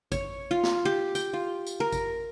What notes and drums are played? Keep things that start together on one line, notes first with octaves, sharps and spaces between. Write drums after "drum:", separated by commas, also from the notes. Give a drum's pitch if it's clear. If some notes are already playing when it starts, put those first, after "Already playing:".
C#5, drum: kick G#1, tambourine
F4
drum: snare
G4
G5, drum: tambourine
F4
drum: tambourine
A#4
drum: kick G#1, tambourine